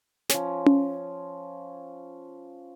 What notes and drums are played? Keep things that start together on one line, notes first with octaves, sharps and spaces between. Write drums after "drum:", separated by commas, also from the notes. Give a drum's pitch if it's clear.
F3 C#4, drum: snare
drum: tom C#4